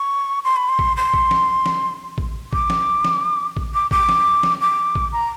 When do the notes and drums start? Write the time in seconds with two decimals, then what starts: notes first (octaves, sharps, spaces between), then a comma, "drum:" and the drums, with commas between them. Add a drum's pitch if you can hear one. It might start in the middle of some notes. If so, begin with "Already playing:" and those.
Already playing: C#6
0.45 C6
0.56 B5
0.69 C6
0.79 drum: kick A1
0.97 C6
1.14 drum: kick A1
1.31 drum: snare
1.66 drum: snare
2.18 drum: kick A1
2.53 D6, drum: kick A1
2.70 drum: snare
3.05 drum: snare
3.57 drum: kick A1
3.74 D6
3.91 D6, drum: kick A1
4.09 drum: snare
4.43 drum: snare
4.61 D6
4.95 drum: kick A1
5.13 A#5